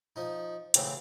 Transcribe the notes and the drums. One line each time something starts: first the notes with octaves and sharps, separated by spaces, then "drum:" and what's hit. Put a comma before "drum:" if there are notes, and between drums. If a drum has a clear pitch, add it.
F3 D#4
A2 C#3 E3 F#3 C4, drum: hi-hat